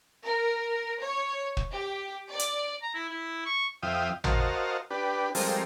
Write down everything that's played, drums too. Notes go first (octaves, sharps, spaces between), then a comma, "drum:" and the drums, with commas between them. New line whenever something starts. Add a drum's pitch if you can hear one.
A#4
C#5
drum: kick
G4
D5
drum: hi-hat
A#5
E4
E4
C#6
F2 E5 F5 G5 D#6
F#4 A#4 C5 D#5 F5 A5, drum: tom
D4 G4 B4
F3 G3 G#3 C4 A4 A#4, drum: open hi-hat